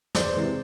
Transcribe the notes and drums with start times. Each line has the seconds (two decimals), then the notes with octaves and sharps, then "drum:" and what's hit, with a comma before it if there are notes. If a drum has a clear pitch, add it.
0.15 E2 C5 D5, drum: snare
0.34 C3 E3 G#3